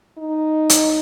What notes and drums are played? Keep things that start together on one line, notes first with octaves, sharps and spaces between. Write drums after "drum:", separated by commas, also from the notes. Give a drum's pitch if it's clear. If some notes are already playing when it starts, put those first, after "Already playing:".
D#4
drum: hi-hat